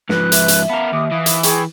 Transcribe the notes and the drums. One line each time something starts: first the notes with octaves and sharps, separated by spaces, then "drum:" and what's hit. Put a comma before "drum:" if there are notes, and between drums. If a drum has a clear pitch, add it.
G#2 F3 B4 F#6, drum: snare
E5, drum: hi-hat
drum: hi-hat
B3 A#4 F5 A5
D#2 D6 D#6
E3 F5 D#6
drum: hi-hat
G#4 G5 C#6, drum: hi-hat